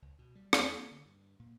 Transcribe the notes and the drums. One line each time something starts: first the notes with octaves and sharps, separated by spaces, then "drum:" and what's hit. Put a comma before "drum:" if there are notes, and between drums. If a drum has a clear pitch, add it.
C#2
B2
G3
E2, drum: rim click
A#3
D3
G2
A#2